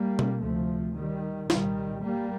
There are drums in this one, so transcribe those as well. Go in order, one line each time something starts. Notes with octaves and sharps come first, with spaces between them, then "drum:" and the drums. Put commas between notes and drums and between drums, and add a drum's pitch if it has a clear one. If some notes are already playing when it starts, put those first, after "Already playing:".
Already playing: G3 A#3
drum: tom B2
D2 C3 F3 A3
D#3 G3
C2 A#2 D#3 G3, drum: snare
G3 A#3